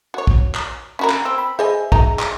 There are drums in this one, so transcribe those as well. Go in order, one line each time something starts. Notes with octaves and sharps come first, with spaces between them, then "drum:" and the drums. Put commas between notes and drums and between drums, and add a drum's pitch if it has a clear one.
F#4 C#5
drum: kick
drum: clap
C#4 F#4 A#4 B5
drum: clap
C4 E6
B5
G#4 C5 D#5 E5 G#5
F#3 D#4 A#5, drum: kick
drum: clap